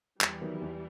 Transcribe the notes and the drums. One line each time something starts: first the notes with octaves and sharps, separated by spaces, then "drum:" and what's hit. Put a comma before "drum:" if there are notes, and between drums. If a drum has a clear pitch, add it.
E2 E3 G3, drum: clap
D#3 F#3 B3
E2